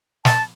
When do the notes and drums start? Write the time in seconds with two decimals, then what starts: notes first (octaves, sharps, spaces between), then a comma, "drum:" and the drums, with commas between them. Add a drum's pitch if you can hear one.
0.25 A5, drum: snare